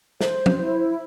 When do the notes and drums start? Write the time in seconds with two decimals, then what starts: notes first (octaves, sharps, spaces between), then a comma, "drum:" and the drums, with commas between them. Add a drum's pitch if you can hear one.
0.21 C5, drum: snare
0.46 drum: tom
0.58 E4